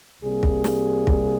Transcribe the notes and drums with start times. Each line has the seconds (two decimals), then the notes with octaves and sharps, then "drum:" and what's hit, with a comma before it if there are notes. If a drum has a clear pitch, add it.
0.22 C2 C3 G3 A#3 G#4
0.43 drum: kick
0.64 drum: snare
1.07 drum: kick